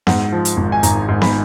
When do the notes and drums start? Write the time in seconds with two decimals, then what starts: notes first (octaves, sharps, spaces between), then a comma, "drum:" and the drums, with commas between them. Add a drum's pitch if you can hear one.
0.07 G#2 F#5, drum: snare B3
0.32 F3
0.45 drum: hi-hat
0.57 G#1
0.72 G#5
0.83 G#1 A#5, drum: hi-hat
1.08 G#2
1.22 B5, drum: snare B3